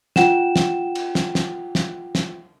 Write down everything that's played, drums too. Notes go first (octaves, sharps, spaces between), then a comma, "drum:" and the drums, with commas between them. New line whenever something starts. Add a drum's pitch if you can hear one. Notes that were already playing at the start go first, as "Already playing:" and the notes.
F4 F#5 G5 E7, drum: snare
drum: snare
drum: cymbal
drum: snare
drum: snare
drum: snare
drum: snare